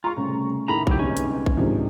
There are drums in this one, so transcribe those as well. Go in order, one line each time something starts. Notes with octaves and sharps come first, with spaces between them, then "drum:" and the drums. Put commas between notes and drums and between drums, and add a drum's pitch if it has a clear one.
F4 A#5 C#6
C2 C#3 A3
A2 D#3 A#5 B5 F7
B2 F#3 G4, drum: kick B1
G1 G#2 C3 C#4
drum: hi-hat
drum: kick B1
G#2 C3 D#3 F3 D4 D#4